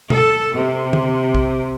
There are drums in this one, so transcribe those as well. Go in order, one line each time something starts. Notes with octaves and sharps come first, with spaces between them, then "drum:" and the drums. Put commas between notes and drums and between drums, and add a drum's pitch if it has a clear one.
A4, drum: tom B2
C3
drum: tom
drum: kick